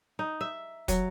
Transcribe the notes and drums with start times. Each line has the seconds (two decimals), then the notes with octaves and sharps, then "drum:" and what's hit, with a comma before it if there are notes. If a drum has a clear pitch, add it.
0.19 D#4
0.41 E5
0.88 F#3, drum: kick, hi-hat